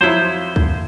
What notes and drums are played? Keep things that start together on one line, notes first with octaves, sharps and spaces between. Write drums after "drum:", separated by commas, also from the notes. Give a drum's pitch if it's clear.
F2 F#3 E4 C5
drum: kick C2